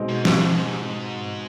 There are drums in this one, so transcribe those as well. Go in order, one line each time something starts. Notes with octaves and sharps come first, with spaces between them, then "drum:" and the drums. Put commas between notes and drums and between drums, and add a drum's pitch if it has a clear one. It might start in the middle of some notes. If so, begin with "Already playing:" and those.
Already playing: B2 G#3 C4 D#4
G#2
G#2, drum: snare
G#2